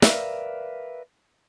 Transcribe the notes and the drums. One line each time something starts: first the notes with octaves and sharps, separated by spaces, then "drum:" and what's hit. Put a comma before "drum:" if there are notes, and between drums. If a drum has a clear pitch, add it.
A#4 B4 D5 E5 F5, drum: snare